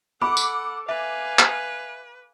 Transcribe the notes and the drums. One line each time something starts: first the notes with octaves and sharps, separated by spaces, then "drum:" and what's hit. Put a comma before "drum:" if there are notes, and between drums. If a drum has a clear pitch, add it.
A4 F#5 B5 D6
drum: tambourine
B4 E5 F5 G#5
drum: clap